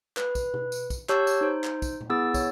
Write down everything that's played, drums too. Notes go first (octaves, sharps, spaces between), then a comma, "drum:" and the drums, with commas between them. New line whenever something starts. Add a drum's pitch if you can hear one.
B4, drum: clap
drum: kick, tambourine
drum: tom B2
drum: tambourine
drum: kick, tambourine
G4 C#5 A5 C#6 E6 G6, drum: clap
drum: tambourine
D#4 C5
drum: clap
drum: kick, tambourine
drum: tom A#2
B3 E4 G#4 E6 A6
C#5, drum: kick, tambourine